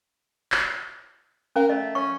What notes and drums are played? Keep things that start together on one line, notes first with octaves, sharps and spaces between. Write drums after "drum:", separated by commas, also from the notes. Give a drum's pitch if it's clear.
drum: clap
C#4 A#4 F5
A3 D#5
C#4 C#6